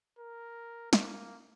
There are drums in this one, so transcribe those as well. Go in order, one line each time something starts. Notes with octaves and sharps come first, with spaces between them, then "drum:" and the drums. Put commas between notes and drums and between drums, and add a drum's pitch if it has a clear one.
A#4
A#3, drum: snare